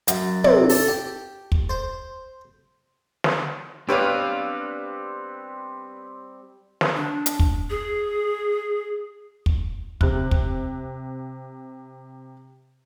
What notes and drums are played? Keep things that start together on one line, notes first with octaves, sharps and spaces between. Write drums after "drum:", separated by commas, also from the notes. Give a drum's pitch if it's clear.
F#2, drum: hi-hat
C3, drum: tom
A4, drum: open hi-hat
G4
drum: kick
C5
drum: snare
G3 B3 C4 D4 G4 B4 C#5 F5
drum: snare
D4
drum: hi-hat
drum: kick
G#4
drum: kick
C3 F#6, drum: kick
drum: kick